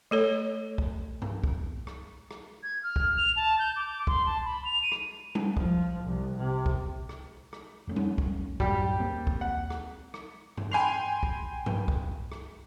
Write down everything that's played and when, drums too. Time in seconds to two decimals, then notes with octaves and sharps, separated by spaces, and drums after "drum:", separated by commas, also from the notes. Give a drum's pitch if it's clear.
0.11 A3 A4 C#5
0.78 drum: kick
1.22 drum: tom G2
1.44 drum: kick
1.87 drum: rim click
2.31 drum: rim click
2.63 G#6
2.83 F6
2.96 drum: kick
3.18 F7
3.36 A5
3.59 G6
3.76 D6
4.07 C6, drum: kick
4.26 A5
4.45 B5
4.65 F7
4.82 D#7
4.92 drum: rim click
5.35 drum: tom G3
5.57 F3, drum: kick
6.04 C2
6.38 C3
6.66 drum: kick
7.09 drum: rim click
7.53 drum: rim click
7.87 F2 A3 C#4
7.96 drum: tom G3
8.18 drum: kick
8.60 F#2 A2 F#3 G3 G4, drum: kick
9.00 D#2 A#3 C4
9.27 drum: kick
9.41 F#5
9.70 drum: rim click
10.14 drum: rim click
10.57 drum: tom G2
10.72 G5 G#5 B5 C6 C7 F7
11.23 drum: kick
11.66 drum: tom G2
11.88 drum: kick
12.32 drum: rim click